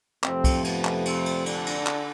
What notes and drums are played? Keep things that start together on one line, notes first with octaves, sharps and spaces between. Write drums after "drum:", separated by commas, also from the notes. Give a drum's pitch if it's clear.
F2 C3 F3 A3 C4, drum: clap
drum: kick C2, cymbal
B3, drum: cymbal
drum: clap
C4, drum: cymbal
drum: cymbal
D3 D4, drum: cymbal
drum: cymbal
drum: clap